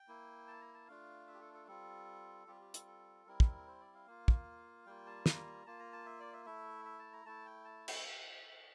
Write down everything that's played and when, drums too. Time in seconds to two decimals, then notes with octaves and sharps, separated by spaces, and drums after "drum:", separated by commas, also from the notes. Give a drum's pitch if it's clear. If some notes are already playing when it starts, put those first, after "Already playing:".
Already playing: G5
0.08 A#3 E4
0.47 A5
0.61 A#5
0.74 A5
0.87 A3 D4 F4 F5
1.28 E5
1.34 G4
1.41 A4
1.54 A4
1.67 G3 C4 F4 A4
2.47 G3 C4 F4 G4
2.61 G4
2.74 A4, drum: hi-hat
2.87 A4
3.26 G3 C4 E4 A#4
3.40 drum: kick
3.67 C5
3.80 D5
3.94 F5
4.07 A#3 F4
4.28 drum: kick
4.86 G3 A#3 F4 G5
5.06 A5
5.26 A#5, drum: snare
5.66 A#3 F4 A5
5.79 A#5
5.93 A5
6.06 E5
6.20 D5
6.33 E5
6.46 A3 E4 E5
6.85 E5
6.99 A5
7.13 A#5
7.25 A3 E4 A5
7.46 G5
7.65 A5
7.88 drum: cymbal